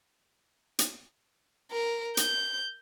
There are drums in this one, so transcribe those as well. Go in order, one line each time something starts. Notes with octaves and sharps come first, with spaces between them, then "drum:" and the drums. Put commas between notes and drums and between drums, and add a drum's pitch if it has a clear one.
drum: hi-hat
A#4
G6, drum: hi-hat